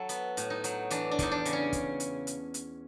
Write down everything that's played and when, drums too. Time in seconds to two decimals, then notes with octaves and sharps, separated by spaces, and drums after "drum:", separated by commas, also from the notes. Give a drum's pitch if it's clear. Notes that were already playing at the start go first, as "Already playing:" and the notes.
Already playing: F#3 A4
0.09 B3, drum: hi-hat
0.37 A2, drum: hi-hat
0.50 D#4
0.64 F#3, drum: hi-hat
0.90 E3 D4, drum: hi-hat
1.11 D4
1.19 E2 D#4, drum: kick, hi-hat
1.32 D4
1.45 C#3, drum: hi-hat
1.53 C#4
1.73 drum: kick, hi-hat
2.00 drum: hi-hat
2.27 drum: hi-hat
2.54 drum: hi-hat